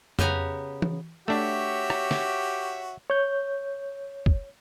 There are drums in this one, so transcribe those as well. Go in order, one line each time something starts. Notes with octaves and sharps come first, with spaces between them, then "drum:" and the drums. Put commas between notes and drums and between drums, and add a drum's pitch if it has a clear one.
C#3 B3 G4 G#5 A#5, drum: tom F2
drum: tom E3
A3 D4 F#4 G4 C#5 E5
drum: rim click
drum: snare
C#5 G6
drum: kick F#1